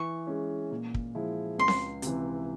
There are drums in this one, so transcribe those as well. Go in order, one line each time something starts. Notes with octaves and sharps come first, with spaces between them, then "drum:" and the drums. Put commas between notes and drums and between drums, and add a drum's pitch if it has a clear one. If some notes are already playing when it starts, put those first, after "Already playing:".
Already playing: E3 C#6
G#3 C#4
A#2
drum: kick
F3 G#3 E4
C#2 C6
drum: snare C4
C3 E3, drum: hi-hat